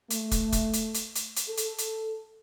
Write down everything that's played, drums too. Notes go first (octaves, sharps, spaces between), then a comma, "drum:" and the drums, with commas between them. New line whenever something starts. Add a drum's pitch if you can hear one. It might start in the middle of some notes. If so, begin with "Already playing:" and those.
A3, drum: hi-hat
drum: kick, hi-hat
drum: kick, hi-hat
drum: hi-hat
drum: hi-hat
drum: hi-hat
drum: hi-hat
A4
drum: hi-hat
drum: hi-hat